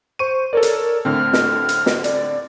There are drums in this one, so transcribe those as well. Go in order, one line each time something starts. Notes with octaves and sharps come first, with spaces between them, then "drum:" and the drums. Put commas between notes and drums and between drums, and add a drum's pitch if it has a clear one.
C5 C#6 D#7
A4 A#4 C#5 D5
drum: hi-hat
A2 D3 C4 F6
drum: snare
drum: hi-hat
drum: snare
D5, drum: hi-hat